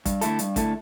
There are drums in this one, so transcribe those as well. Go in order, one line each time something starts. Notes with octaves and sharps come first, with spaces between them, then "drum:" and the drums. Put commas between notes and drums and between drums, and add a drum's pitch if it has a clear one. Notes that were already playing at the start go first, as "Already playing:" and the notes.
G2, drum: kick, hi-hat
D3 A3 E4 A4, drum: hi-hat
G2, drum: hi-hat
D3 A3 E4 A4, drum: kick, hi-hat